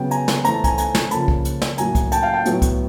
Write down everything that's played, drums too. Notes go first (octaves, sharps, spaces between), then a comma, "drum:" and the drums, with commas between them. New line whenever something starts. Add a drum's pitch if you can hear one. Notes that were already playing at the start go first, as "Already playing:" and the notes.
Already playing: C#3 F#3 B3 G5
G#5 A#5, drum: hi-hat
drum: snare
E3 A3 C4 A#5, drum: hi-hat
A5
G#5 A#5, drum: kick C2, hi-hat
G#5 A#5, drum: hi-hat
drum: snare
C#3 F3 A#3 A5 B5, drum: hi-hat
drum: kick C2
drum: hi-hat
drum: snare
A2 F#3 A#3 G#5 A#5, drum: hi-hat
drum: kick C2, hi-hat
G5 A5, drum: hi-hat
F5 G5
G5 A5
A2 F#3 B3, drum: hi-hat
drum: kick C2, hi-hat